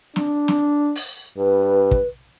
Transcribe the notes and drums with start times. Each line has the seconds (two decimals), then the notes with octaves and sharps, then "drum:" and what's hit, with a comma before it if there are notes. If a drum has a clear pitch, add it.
0.16 D4, drum: snare
0.48 drum: snare
0.96 drum: open hi-hat
1.37 G2 B4
1.91 drum: kick